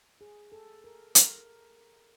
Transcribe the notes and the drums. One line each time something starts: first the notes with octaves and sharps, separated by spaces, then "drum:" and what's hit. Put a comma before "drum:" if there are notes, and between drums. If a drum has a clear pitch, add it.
G#4
A4
A#4
A#4, drum: hi-hat